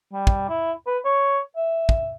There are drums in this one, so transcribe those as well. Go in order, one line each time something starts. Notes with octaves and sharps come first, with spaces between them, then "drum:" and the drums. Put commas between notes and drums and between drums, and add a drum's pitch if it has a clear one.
G3
drum: kick
E4
B4
C#5
E5
drum: kick